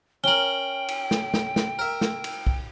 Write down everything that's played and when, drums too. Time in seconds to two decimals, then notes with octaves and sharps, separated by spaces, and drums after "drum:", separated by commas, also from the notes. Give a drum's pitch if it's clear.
0.24 C#4 A#4 G5 F#7 G7
0.88 drum: cymbal
1.11 drum: snare
1.34 drum: snare
1.56 drum: snare
1.79 A#4 E5
2.01 drum: snare
2.24 drum: cymbal
2.47 drum: kick B1